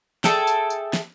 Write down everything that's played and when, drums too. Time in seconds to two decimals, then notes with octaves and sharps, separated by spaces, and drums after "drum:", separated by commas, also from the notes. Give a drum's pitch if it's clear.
0.24 G#4 A4 E5 G5, drum: snare
0.47 drum: tambourine
0.70 drum: tambourine
0.93 drum: snare